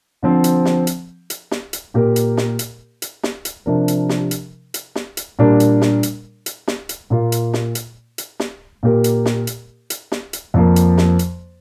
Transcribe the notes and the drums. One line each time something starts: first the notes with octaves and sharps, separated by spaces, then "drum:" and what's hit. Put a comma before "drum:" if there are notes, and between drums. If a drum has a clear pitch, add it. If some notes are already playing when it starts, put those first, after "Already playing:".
D3 F3 C4
drum: hi-hat
drum: snare
drum: hi-hat
drum: hi-hat
drum: snare
drum: hi-hat
A#2 A#3 G4 A#4
drum: hi-hat
drum: snare
drum: hi-hat
drum: hi-hat
drum: snare
drum: hi-hat
C3 F3 D4 A#4
drum: hi-hat
drum: snare
drum: hi-hat
drum: hi-hat
drum: snare
drum: hi-hat
A#2 G3 D4 A#4
drum: hi-hat
drum: snare
drum: hi-hat
drum: hi-hat
drum: snare
drum: hi-hat
A#2 A#3 F4
drum: hi-hat
drum: snare
drum: hi-hat
drum: hi-hat
drum: snare
A#2 A#3 G4 A#4
drum: hi-hat
drum: snare
drum: hi-hat
drum: hi-hat
drum: snare
drum: hi-hat
F2 F3 A#3
drum: hi-hat
drum: snare
drum: hi-hat